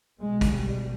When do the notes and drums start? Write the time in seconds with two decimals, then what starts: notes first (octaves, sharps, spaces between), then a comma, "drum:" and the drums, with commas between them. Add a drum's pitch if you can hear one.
0.20 B1 B2 G#3
0.41 drum: kick, hi-hat
0.52 G3